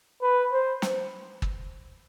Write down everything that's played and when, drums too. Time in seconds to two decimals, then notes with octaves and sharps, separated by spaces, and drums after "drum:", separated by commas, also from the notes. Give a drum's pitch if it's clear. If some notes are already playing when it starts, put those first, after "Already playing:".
0.22 B4
0.52 C5
0.82 drum: snare
1.42 drum: kick